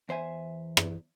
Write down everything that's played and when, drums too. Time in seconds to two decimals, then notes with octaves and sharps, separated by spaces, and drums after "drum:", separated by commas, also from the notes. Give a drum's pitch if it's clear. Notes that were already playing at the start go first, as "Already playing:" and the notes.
0.09 E2 C5 E5 G#5
0.77 drum: rim click